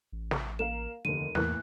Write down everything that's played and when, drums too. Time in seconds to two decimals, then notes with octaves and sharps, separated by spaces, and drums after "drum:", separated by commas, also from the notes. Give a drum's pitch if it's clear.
0.12 A1
0.31 drum: snare
0.59 A#3 A#4 F5 E7
1.05 F1 D#2 D3 D#7
1.35 E2 A2 E3 A#3 F#6, drum: snare